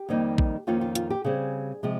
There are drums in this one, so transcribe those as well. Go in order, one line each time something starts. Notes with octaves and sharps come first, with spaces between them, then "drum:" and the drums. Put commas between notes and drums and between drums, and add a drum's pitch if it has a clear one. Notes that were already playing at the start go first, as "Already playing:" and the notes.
Already playing: G4
F2 D#3 G3 A#3 D#4
drum: kick
F2 D#3 A#3 C#4 F4
F4
F4, drum: hi-hat
G4
C#3 G3 C4 G#4
C3 F3 G#3